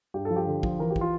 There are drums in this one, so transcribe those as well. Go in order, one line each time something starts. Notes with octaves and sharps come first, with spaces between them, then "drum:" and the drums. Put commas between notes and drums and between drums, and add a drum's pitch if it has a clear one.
G2 G4
A4
F3
G4
D3
F3, drum: kick
E3 A#4
G4
E3, drum: kick
F4